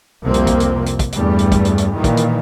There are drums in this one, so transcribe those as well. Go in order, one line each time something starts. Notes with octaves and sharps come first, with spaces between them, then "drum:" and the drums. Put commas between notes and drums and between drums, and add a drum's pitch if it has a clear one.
C2 F2 C3 F3 A#3 C4
drum: hi-hat
drum: kick, hi-hat
drum: hi-hat
drum: hi-hat
drum: kick, hi-hat
E2 G2 G3 A3, drum: hi-hat
drum: hi-hat
drum: kick, hi-hat
drum: hi-hat
drum: hi-hat
A#2 D#3 E3 G3
drum: kick, hi-hat
drum: hi-hat